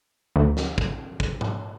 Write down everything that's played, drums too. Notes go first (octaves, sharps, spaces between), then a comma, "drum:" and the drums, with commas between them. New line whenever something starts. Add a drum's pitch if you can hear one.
D2
drum: snare
drum: kick
drum: kick
drum: tom G#2